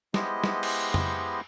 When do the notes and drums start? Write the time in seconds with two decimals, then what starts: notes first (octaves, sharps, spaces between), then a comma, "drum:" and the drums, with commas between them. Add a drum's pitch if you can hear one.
0.14 G#3 B3 E4 G4 C5 D#5, drum: snare
0.44 drum: snare
0.63 drum: cymbal
0.94 drum: tom F2